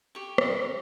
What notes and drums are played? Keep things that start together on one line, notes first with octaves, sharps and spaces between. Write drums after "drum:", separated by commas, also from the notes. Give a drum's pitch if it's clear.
G4 C#6
drum: rim click